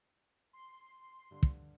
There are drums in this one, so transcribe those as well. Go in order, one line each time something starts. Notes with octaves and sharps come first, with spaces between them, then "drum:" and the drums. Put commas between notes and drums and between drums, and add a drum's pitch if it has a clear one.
C6
G2 D3
drum: kick